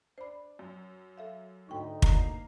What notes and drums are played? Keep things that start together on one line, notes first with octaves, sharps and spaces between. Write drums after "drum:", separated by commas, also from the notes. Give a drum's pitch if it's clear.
D4 C5 B5
F#2
A4 E5 F5
D2 G#2 D#4 G5 C#6
A#3 A#5 C7, drum: kick